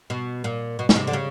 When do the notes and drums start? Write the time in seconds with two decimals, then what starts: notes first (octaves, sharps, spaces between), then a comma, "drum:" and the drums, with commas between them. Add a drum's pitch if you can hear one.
0.10 B2
0.44 A#2
0.79 B2
0.89 B2, drum: snare
0.96 C3
1.07 D3
1.13 C#3